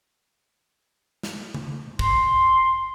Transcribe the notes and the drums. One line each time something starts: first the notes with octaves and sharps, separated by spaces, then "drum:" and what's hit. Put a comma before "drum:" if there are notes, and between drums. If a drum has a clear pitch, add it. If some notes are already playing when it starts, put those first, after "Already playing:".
drum: snare
drum: tom C#3
C6, drum: kick